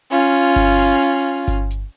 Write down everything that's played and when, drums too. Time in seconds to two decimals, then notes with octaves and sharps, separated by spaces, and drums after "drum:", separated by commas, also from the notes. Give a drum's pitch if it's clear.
0.10 C#4 F4
0.33 drum: hi-hat
0.56 drum: kick G1, hi-hat
0.79 drum: hi-hat
1.02 drum: hi-hat
1.48 drum: kick G1, hi-hat
1.71 drum: hi-hat